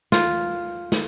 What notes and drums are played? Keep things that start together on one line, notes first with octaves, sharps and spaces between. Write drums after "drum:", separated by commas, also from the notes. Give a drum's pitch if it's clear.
F4, drum: snare
drum: snare